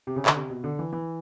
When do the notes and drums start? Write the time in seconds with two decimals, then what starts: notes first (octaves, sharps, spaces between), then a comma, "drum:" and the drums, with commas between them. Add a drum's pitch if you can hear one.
0.07 C3
0.16 C#3
0.26 D3, drum: clap
0.36 C3
0.50 B2
0.64 D3
0.79 E3
0.92 E3